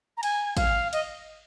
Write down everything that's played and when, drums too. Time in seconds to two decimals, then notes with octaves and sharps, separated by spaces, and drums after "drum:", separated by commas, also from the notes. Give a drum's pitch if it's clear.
0.17 A#5
0.23 G#5, drum: cymbal
0.57 F5, drum: kick, cymbal
0.93 D#5, drum: cymbal